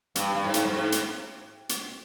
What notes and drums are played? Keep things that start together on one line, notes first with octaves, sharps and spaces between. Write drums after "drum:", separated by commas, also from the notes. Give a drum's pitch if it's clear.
G2, drum: hi-hat
G2
G#2
drum: hi-hat
G2
G#2
drum: hi-hat
drum: hi-hat